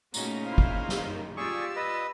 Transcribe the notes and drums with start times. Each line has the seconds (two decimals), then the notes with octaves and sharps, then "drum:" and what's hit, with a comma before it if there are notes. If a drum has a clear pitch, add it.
0.14 A#2 C#3 A3 C#4 D#4 F#4 A#5, drum: tambourine
0.44 E4 C5 F5
0.58 drum: kick
0.89 drum: snare
1.01 F#2 D#3
1.37 F4 G4 G#4 D5 C#6 E6
1.76 B4 D#5